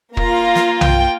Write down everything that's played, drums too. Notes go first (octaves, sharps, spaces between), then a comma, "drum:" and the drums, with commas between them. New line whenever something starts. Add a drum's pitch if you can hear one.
A#3 F4 A#5, drum: kick
drum: snare
G5, drum: tom B1